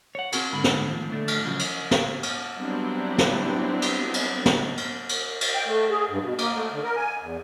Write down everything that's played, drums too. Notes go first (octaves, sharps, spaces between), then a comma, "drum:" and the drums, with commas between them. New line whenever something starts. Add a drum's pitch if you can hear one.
C#5 F#5
C4 C#4 F#4 G#4 A#4, drum: cymbal
G#2 D3 B3 B5
drum: snare
D#2 A2 F3
A2 D3 A3 D4
drum: cymbal
C#3 F3 F#3
drum: cymbal
drum: snare
drum: cymbal
F#3 G3 B3 C4 D4 E4
drum: snare
drum: cymbal
drum: cymbal
drum: snare
drum: cymbal
drum: cymbal
drum: cymbal
G5
A3
G#4
G2
B2
A#3, drum: cymbal
A3
D3
A#4
G#5
E2